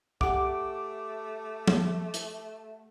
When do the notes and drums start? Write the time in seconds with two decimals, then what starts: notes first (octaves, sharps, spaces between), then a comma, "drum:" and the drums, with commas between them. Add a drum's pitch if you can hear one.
0.21 A3 G4 G#4 F#5 D6, drum: kick C2
1.67 drum: tom F3
2.14 drum: hi-hat